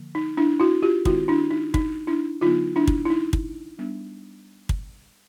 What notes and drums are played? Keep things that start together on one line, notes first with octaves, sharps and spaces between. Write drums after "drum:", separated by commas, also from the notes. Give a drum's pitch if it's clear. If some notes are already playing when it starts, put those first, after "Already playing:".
Already playing: D3 F3 A#3
D#4
D4 E4
E4 F#4
F4 G4
D#3 G#3 C4 E4 F#4, drum: kick
D4 E4
D#4
D#4, drum: kick
D4 E4
D3 F#3 B3 D#4 F4
D4 E4
drum: kick
E4
D#4
drum: kick
G3 B3 D4
drum: kick